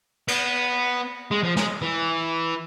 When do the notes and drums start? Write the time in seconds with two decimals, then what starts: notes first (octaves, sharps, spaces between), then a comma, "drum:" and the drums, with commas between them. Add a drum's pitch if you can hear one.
0.28 B3, drum: cymbal
1.31 G#3
1.44 F3
1.57 G#3, drum: snare
1.82 E3